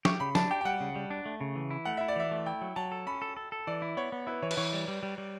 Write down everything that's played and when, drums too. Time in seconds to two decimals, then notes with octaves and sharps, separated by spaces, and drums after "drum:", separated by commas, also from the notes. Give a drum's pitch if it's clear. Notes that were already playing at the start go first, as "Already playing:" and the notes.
0.05 G4 C#6, drum: snare
0.20 C#3 B5
0.35 D4 A5, drum: snare
0.51 G4 G5
0.61 G5
0.65 G3 F#5
0.81 C#3
0.96 G3
1.10 D4
1.26 A3
1.41 C#3
1.56 E3
1.71 E4
1.85 A3 F#5
1.97 E4 E5
2.08 D5
2.16 E3 E5
2.31 A3
2.46 E4 G5
2.61 F#3
2.76 F#3 A5
2.92 A4
3.07 C#4 B5
3.22 A4
3.37 A4
3.52 A4
3.67 E3 D5
3.82 E4
3.97 B3 C#5
4.12 B3
4.27 E4 B4
4.42 E3 C#5
4.51 B4, drum: cymbal
4.57 E3 C#5
4.72 G3 D5
4.88 G3
5.03 G3
5.18 G3